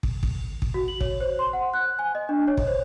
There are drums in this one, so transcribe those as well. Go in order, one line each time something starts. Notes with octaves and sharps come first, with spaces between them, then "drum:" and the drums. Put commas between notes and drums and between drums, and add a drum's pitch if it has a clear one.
drum: kick
drum: kick
drum: kick
F#4
F#7
C#5, drum: kick
C5
C6
F#5
F#6
G#5
D#5
D4
C#5
drum: kick
C5